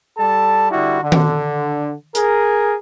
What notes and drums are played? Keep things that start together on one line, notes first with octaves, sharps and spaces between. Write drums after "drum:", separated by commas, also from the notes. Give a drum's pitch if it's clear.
G3 A4 A5
D3 G3 E4 F#4
D3
drum: tom D#3
G#4 A#4, drum: hi-hat